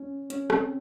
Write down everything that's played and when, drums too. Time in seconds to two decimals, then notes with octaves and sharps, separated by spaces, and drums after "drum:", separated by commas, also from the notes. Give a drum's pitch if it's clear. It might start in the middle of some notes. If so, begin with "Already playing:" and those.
Already playing: C#4
0.30 C#4, drum: hi-hat
0.50 C4, drum: rim click